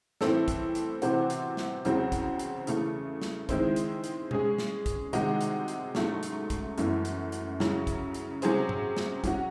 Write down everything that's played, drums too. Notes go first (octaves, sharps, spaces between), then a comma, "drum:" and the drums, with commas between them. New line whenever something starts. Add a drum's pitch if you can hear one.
A2 E3 C4 E4 A4, drum: snare
drum: kick, hi-hat
drum: hi-hat
C3 E3 C4 F#4 C5, drum: hi-hat
drum: hi-hat
drum: snare
E2 C#3 F#3 C4 F#4, drum: hi-hat
drum: kick, hi-hat
drum: hi-hat
C#3 E3 A3, drum: hi-hat
drum: snare
D#3 G#3 C4 E4 C5, drum: kick, hi-hat
drum: hi-hat
drum: hi-hat
G#3 C#4 G#4, drum: tom B2
drum: snare
drum: kick, hi-hat
C3 D#3 G#3 D#4 F#4, drum: hi-hat
drum: hi-hat
drum: hi-hat
G#2 F#3 A3 C#4, drum: snare
drum: hi-hat
drum: kick, hi-hat
F#2 E3 A3 C#4, drum: hi-hat
drum: hi-hat
drum: hi-hat
C#3 F#3 C#4 E4, drum: snare
drum: kick, hi-hat
drum: hi-hat
C3 F#3 C#4 G#4 C5, drum: hi-hat
drum: tom G#2
drum: snare
F#3 C#4 F#4, drum: kick, hi-hat